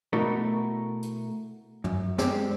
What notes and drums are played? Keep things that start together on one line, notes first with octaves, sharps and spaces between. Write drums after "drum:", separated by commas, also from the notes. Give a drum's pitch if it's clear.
B2 A3 E4 F#4 A4 A#4
drum: hi-hat
F#2, drum: tom
G#3 C4 D4 G4, drum: snare